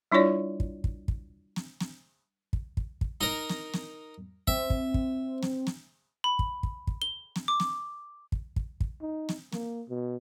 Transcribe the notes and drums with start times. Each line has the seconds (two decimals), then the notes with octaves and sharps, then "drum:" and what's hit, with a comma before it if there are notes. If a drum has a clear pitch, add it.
0.12 G3 D4 E4 F4 C#5 D5
0.60 drum: kick
0.84 drum: kick
1.08 drum: kick
1.56 drum: snare
1.81 drum: snare
2.53 drum: kick
2.77 drum: kick
3.01 drum: kick
3.21 D#4 A#4
3.49 drum: snare
3.74 drum: snare
4.47 C4 E5, drum: kick
4.70 drum: kick
4.94 drum: kick
5.43 drum: snare
5.67 drum: snare
6.24 B5
6.39 drum: kick
6.63 drum: kick
6.87 drum: kick
7.02 G7
7.36 drum: snare
7.48 D6
7.60 drum: snare
8.32 drum: kick
8.56 drum: kick
8.80 drum: kick
9.02 D#4
9.29 drum: snare
9.53 A#3, drum: snare
9.89 B2